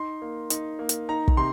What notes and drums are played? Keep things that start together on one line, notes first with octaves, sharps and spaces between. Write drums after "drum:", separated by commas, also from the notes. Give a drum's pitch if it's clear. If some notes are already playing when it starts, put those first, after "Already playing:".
Already playing: D#4 C6
A#3
D#4, drum: hi-hat
A#3
drum: hi-hat
D#4 A#5
drum: kick
C3 C6